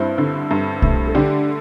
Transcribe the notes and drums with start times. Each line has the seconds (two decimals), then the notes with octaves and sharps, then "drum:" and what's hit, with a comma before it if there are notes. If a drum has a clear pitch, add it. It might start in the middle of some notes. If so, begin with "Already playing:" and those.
Already playing: G2 C4 E4
0.18 D3
0.51 G2
0.82 A3, drum: kick
1.07 A4
1.15 D3 D4 G4